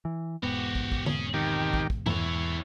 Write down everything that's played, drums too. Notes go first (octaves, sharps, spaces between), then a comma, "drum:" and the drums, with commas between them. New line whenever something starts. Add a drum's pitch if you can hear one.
E3
E1 G#2 B3 F#4 G4
drum: kick
drum: kick
C#4 G#4, drum: tom D3
F2 D#3 G4
drum: kick
drum: kick
E2 E4 C#5, drum: tom G2